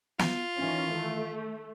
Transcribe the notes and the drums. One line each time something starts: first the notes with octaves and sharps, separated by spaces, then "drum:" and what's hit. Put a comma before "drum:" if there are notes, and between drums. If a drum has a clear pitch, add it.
F4, drum: snare
D#3 E3 C#4
A3